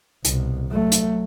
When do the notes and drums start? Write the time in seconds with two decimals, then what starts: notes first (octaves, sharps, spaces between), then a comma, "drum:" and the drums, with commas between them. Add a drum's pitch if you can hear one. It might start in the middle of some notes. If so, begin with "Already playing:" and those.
0.25 C2 B2, drum: hi-hat
0.69 F#3 A3
0.92 drum: hi-hat